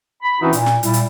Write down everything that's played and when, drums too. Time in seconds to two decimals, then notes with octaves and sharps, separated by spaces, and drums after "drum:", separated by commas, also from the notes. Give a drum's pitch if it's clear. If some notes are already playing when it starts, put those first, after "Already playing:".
0.23 B5
0.41 E3 C4 C#4 D#4 E4 F#4
0.53 A#2, drum: hi-hat
0.66 drum: snare
0.83 A#2 G3 E4, drum: hi-hat
0.93 drum: hi-hat